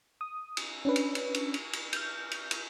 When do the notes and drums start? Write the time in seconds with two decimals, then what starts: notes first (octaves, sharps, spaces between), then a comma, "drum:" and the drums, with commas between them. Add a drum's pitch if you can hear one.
0.21 D#6
0.57 drum: cymbal
0.85 C#4 D4 B4
0.96 drum: cymbal
1.15 drum: cymbal
1.34 drum: cymbal
1.54 drum: cymbal
1.73 drum: cymbal
1.93 F6 G6, drum: cymbal
2.31 drum: cymbal
2.51 drum: cymbal